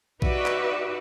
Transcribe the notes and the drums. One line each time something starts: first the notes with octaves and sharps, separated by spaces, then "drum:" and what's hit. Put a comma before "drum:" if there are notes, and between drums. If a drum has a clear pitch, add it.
D#4 F#4 G4 B4 D5 E5, drum: kick A#1
drum: clap